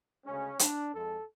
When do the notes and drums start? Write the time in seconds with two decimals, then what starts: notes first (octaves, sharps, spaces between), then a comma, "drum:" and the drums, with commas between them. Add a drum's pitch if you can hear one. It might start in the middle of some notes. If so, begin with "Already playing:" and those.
0.24 D2 C#3 G#3 C#4
0.59 D4, drum: hi-hat
0.93 F2 F3 G#3 A4